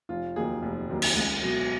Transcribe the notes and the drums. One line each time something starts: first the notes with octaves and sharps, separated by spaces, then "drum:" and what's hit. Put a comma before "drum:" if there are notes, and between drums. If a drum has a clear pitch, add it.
F1 F4
D#2 D#3 F#3 G#4
F1
D#2 D#3 F#3
drum: cymbal
C#2
B2 F#3